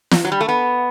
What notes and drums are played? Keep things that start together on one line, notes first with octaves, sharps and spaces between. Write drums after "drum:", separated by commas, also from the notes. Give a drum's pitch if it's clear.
drum: snare
F#3
G3
A3
B3